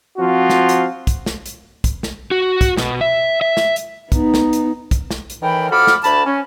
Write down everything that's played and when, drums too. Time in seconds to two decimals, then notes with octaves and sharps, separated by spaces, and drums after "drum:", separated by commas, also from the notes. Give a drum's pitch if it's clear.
0.18 F3 C4 F4 F#4
0.50 drum: snare
0.69 drum: hi-hat
1.07 drum: kick, hi-hat
1.26 drum: snare
1.46 drum: hi-hat
1.84 drum: kick, hi-hat
2.03 drum: snare
2.31 F#4
2.61 drum: kick, hi-hat
2.77 B2, drum: snare
3.01 E5
3.41 E5
3.57 drum: snare
3.76 drum: hi-hat
4.12 B3 D#4, drum: kick, hi-hat
4.34 drum: snare
4.53 drum: hi-hat
4.91 drum: kick, hi-hat
5.11 drum: snare
5.30 drum: hi-hat
5.42 A2 D#3 E3 A#4 G5 B5
5.71 F2 F#4 A4 B5 D6 F6
5.87 drum: snare
6.04 D2 A5 B5, drum: hi-hat
6.26 C#4